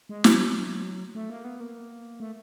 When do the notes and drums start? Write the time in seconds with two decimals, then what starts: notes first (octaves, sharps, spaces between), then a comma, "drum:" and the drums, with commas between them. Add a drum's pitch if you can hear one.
0.09 G#3
0.24 F#3, drum: snare
1.15 A3
1.30 A#3
1.44 B3
1.61 A#3
2.20 A3